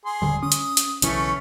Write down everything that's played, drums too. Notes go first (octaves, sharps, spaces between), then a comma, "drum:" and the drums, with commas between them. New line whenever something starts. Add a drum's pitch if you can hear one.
G#4 C6
D#1 D3 G3
C#4 D#6
drum: hi-hat
drum: hi-hat
B1 C#3 E3 A3 C#4, drum: hi-hat